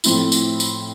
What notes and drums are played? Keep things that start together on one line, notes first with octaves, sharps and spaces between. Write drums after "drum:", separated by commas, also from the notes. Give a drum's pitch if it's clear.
A2 F3 C4 E4, drum: tambourine
drum: tambourine
drum: tambourine